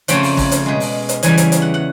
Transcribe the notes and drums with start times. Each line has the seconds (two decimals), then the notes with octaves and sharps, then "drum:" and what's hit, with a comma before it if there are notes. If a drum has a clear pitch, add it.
0.08 F2 C#3 F3 A3 G5, drum: hi-hat
0.23 drum: open hi-hat
0.37 drum: kick, open hi-hat
0.52 drum: hi-hat
0.66 B2 G#3
0.80 drum: open hi-hat
1.09 drum: hi-hat
1.23 E2 C#3 E3 G3 G#5, drum: hi-hat
1.37 drum: hi-hat
1.52 drum: hi-hat
1.62 F#5
1.74 F#5